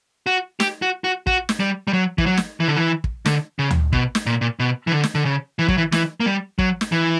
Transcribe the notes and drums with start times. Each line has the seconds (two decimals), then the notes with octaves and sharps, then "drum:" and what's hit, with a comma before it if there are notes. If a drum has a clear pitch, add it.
0.27 F#4
0.60 G4, drum: snare
0.82 F#4
1.04 F#4
1.27 F#4, drum: kick
1.49 drum: snare
1.60 G3
1.87 G3
1.93 F#3
2.18 E3, drum: kick
2.26 F#3
2.37 drum: snare
2.60 E3
2.68 D3
2.77 E3
3.04 drum: kick
3.26 D3, drum: snare
3.59 C#3
3.70 drum: tom D2
3.93 B2, drum: kick
4.15 drum: snare
4.26 A#2
4.41 A#2
4.60 B2
4.87 E3
4.92 D3
5.03 drum: snare
5.15 D3
5.25 C#3
5.59 E3
5.68 F#3, drum: kick
5.78 E3
5.92 E3, drum: snare
6.20 A#3
6.26 G3
6.59 F#3, drum: kick
6.81 drum: snare
6.92 E3